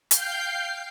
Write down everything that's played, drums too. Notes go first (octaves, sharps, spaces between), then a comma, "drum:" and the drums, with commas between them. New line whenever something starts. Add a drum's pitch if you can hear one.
F5 G5 G6 C7, drum: hi-hat